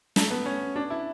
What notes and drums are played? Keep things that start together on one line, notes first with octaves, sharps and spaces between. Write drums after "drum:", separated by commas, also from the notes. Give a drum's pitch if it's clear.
A3, drum: snare
B3
C#4
D4
E4